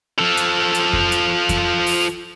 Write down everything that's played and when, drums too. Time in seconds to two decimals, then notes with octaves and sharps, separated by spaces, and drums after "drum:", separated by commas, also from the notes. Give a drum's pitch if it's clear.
0.19 F3 A4
0.37 drum: hi-hat
0.75 drum: hi-hat
0.93 drum: kick F2
1.12 drum: hi-hat
1.49 drum: kick F2, hi-hat
1.86 drum: open hi-hat